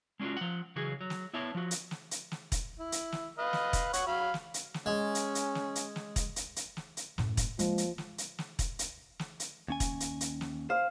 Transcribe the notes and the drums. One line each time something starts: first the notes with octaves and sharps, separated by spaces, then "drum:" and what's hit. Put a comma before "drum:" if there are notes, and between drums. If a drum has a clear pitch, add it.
G#3 C#4 D4 F4 F#4
F3 F#5
C#3 E3 F#3 F#4 G#4
F#3
drum: snare
B3 E4 C#5 E5 A5
F3 F#4
drum: hi-hat
drum: snare
drum: hi-hat
drum: snare
drum: kick E1, hi-hat
E4
drum: hi-hat
drum: snare
B4 D#5 F5
drum: snare
drum: kick E1, hi-hat
C#5 F#5, drum: hi-hat
F#3 F5 B5
drum: snare
drum: hi-hat
drum: snare
G#3 C#4
drum: hi-hat
drum: hi-hat
drum: snare
drum: hi-hat
drum: snare
drum: kick E1, hi-hat
drum: hi-hat
drum: hi-hat
drum: snare
drum: hi-hat
F#2 A2, drum: snare
drum: kick E1, hi-hat
F3 G#3 A#3, drum: hi-hat
drum: hi-hat
drum: snare
drum: hi-hat
drum: snare
drum: kick E1, hi-hat
drum: hi-hat
drum: snare
drum: hi-hat
D#2 C#4 G#5
drum: kick E1, hi-hat
drum: hi-hat
drum: hi-hat
drum: snare
C5 F5